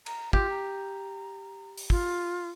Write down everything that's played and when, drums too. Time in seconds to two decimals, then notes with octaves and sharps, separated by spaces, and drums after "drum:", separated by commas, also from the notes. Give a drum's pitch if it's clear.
0.06 A#5, drum: cymbal
0.33 F4 G4, drum: kick
0.50 A#5
1.78 drum: open hi-hat
1.90 F4, drum: kick